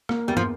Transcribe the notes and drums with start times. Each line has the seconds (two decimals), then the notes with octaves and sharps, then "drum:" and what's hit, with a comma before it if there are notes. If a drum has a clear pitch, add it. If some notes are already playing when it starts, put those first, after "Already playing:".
0.09 A#3, drum: rim click
0.27 E2 G3
0.37 F3, drum: tom